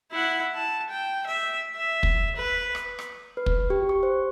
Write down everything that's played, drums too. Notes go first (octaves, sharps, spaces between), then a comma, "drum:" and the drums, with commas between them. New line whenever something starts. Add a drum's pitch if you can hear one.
E4 F#5
A5
G5
E5
E5
drum: kick
B4
drum: rim click
drum: rim click
B4
drum: kick
G4
C#6
C5